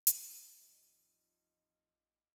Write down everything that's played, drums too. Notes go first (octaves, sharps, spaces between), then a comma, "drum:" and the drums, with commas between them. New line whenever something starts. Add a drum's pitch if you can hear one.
drum: hi-hat
A1 F2 G3 D#4 F4 D#5